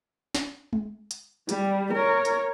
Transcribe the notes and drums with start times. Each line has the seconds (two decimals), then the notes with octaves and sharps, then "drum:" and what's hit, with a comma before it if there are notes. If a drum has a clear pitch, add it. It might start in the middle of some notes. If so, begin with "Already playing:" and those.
0.35 drum: snare
0.73 drum: tom G#3
1.11 drum: hi-hat
1.49 G3, drum: hi-hat
1.93 A#4 C#5
2.25 drum: hi-hat